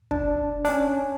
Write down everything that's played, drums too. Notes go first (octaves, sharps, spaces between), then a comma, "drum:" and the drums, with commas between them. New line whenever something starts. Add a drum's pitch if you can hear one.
D4, drum: kick
D4, drum: open hi-hat
C#4